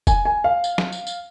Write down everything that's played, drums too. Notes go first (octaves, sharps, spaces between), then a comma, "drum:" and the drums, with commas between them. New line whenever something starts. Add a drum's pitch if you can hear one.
G#5, drum: kick, tambourine
G#5
F5
drum: tambourine
drum: snare
drum: tambourine
drum: tambourine